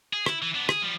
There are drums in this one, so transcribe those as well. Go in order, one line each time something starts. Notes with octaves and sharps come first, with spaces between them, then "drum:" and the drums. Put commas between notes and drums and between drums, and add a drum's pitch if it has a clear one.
G#4
E4, drum: rim click
E3
B3 D4
G#4, drum: rim click
F3 G3